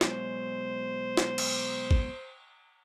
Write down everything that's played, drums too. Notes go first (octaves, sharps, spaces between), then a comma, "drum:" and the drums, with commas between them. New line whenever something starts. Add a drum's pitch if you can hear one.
B2 F#3 G#3 C5, drum: snare
drum: snare
drum: cymbal
drum: kick